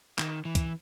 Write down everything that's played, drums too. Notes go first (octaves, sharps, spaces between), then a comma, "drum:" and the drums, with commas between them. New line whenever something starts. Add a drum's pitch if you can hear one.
D#3, drum: clap
E3
drum: kick, hi-hat